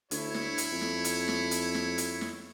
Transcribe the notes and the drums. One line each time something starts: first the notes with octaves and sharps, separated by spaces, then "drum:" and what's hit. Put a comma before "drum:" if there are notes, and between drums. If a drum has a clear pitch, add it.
D2 E4 C#5, drum: hi-hat
drum: snare
drum: hi-hat
F2
drum: snare
drum: hi-hat
drum: snare
drum: hi-hat
drum: snare
drum: hi-hat
drum: snare